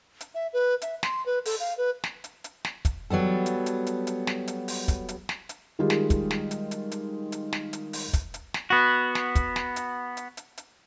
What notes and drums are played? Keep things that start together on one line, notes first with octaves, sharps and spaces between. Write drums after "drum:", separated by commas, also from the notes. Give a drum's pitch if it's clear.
drum: hi-hat
E5
B4
E5, drum: hi-hat
C6, drum: snare
B4
A4, drum: open hi-hat
F5
B4
drum: snare
drum: hi-hat
drum: hi-hat
drum: snare
drum: kick, hi-hat
F#3 G3 B3 A4
drum: hi-hat
drum: hi-hat
drum: hi-hat
drum: hi-hat
drum: snare
drum: hi-hat
drum: open hi-hat
drum: kick, hi-hat
drum: hi-hat
drum: snare
drum: hi-hat
D#3 G3 G#3 F4 G4 G#4
drum: snare
drum: kick, hi-hat
drum: snare
drum: hi-hat
drum: hi-hat
drum: hi-hat
drum: hi-hat
drum: snare
drum: hi-hat
drum: open hi-hat
drum: kick, hi-hat
drum: hi-hat
drum: snare
B3 F#4
drum: snare
drum: kick, hi-hat
drum: snare
drum: hi-hat
drum: hi-hat
drum: hi-hat
drum: hi-hat